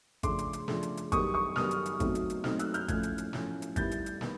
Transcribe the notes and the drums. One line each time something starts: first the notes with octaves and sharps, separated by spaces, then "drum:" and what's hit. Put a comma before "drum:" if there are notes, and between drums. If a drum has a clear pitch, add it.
C#3 F3 A3 D4 C6 D6, drum: kick G#1, hi-hat
drum: hi-hat
drum: hi-hat
C#3 F3 A3 D4, drum: snare
drum: hi-hat
drum: hi-hat
F#2 D#3 G3 B3 C#6 D#6, drum: kick G#1, hi-hat
C#6 D#6
F#2 D#3 G3 B3 D#6 F6, drum: snare
drum: hi-hat
drum: hi-hat
B2 F#3 A3 C4 D#4, drum: kick G#1, hi-hat
drum: hi-hat
drum: hi-hat
B2 F#3 A3 C4 D#4 D#6 F6, drum: snare
E6 F#6, drum: hi-hat
F6 G6, drum: hi-hat
A2 F3 A3 C#4 F#6 G#6, drum: kick G#1, hi-hat
drum: hi-hat
drum: hi-hat
A2 F3 A3 C#4, drum: snare
drum: hi-hat
G2 D#3 G3 B3 E4 G6 A6, drum: kick G#1, hi-hat
drum: hi-hat
drum: hi-hat
D#3 B3, drum: snare